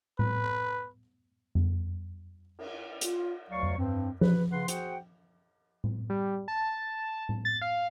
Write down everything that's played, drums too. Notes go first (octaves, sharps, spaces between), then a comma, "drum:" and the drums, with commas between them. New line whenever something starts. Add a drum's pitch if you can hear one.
B4, drum: tom A2
drum: tom F2
drum: cymbal
F4, drum: hi-hat
D2 F#3 C#5 D5 F5 C#6
drum: tom F2
G2 C4
B4, drum: tom F3
C#3 B4 F#5 C6
F#4 G#4 C5 F#5 G5, drum: hi-hat
drum: tom A2
G3
A5
drum: tom A2
A6
F5